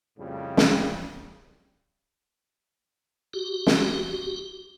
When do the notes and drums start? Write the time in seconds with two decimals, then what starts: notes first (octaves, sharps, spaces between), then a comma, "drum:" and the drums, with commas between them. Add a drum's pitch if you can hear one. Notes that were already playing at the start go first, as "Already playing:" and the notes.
0.19 F2 A2 C#3 G3
0.57 drum: snare
3.34 F#4 G4
3.67 drum: snare